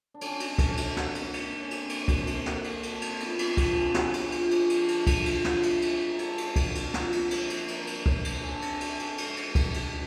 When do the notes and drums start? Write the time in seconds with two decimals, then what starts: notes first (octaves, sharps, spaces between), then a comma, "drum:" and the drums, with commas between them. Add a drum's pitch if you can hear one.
0.14 D4
0.21 D3 C#4, drum: cymbal
0.40 drum: cymbal
0.58 D3, drum: kick, cymbal
0.77 drum: cymbal
0.96 A#3, drum: snare
1.15 drum: cymbal
1.33 D3, drum: cymbal
1.60 C#4
1.71 A#3 C4, drum: cymbal
1.89 drum: cymbal
2.08 D3, drum: kick, cymbal
2.27 drum: cymbal
2.46 A#3, drum: snare
2.64 drum: cymbal
2.83 D3, drum: cymbal
3.01 drum: cymbal
3.20 F3 B3, drum: cymbal
3.39 C4, drum: cymbal
3.57 D3 F4, drum: kick, cymbal
3.71 G4 G#4
3.94 B3 G#4, drum: snare
4.14 drum: cymbal
4.32 F3, drum: cymbal
4.51 drum: cymbal
4.69 D3, drum: cymbal
4.88 drum: cymbal
5.07 F3, drum: kick, cymbal
5.26 drum: cymbal
5.44 F3, drum: snare
5.63 drum: cymbal
5.82 G#3, drum: cymbal
6.08 A#4
6.19 D3 A4, drum: cymbal
6.38 drum: cymbal
6.56 D3, drum: kick, cymbal
6.75 drum: cymbal
6.94 F3, drum: snare
7.12 drum: cymbal
7.31 A#3, drum: cymbal
7.50 drum: cymbal
7.61 B4
7.68 D3 A#4, drum: cymbal
7.81 A#4
7.87 B4, drum: cymbal
7.97 D5
8.06 D3 C#5, drum: kick
8.25 drum: cymbal
8.39 D3 G#4 A4
8.62 drum: cymbal
8.81 D3, drum: cymbal
8.99 drum: cymbal
9.18 G#2, drum: cymbal
9.37 drum: cymbal
9.55 G3, drum: kick, cymbal
9.74 drum: cymbal